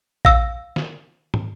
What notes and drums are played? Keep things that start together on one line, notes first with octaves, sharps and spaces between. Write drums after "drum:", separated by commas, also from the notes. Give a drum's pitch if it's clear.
F5 E6, drum: kick A#1
drum: snare
drum: tom